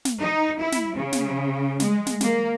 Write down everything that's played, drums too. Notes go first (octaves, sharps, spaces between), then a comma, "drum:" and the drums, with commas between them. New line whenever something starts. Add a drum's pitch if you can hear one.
drum: snare
D#4
E4
drum: snare
C#3
drum: snare
G#3, drum: snare
drum: snare
A#3, drum: snare